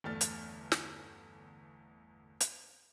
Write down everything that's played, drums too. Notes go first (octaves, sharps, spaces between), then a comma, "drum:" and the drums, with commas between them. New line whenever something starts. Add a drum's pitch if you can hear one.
G1 E2 A3 F6 A6
drum: hi-hat
drum: snare
drum: hi-hat